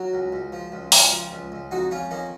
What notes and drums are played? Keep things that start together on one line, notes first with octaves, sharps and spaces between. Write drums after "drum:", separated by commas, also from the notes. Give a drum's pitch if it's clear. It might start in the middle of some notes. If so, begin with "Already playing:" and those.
Already playing: F#3 F#4 A#4
C#2
C#2
F3
C#2
C#2, drum: open hi-hat
F3
C#2
C#2
F2 D#4 F#4
F2 C#4 F4
D#3 A#3 C#4